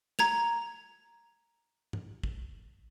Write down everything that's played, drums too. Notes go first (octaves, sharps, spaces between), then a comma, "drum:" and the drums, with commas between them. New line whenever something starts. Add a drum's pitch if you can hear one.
A#5 G#6 F7, drum: snare
drum: tom G2
drum: kick A1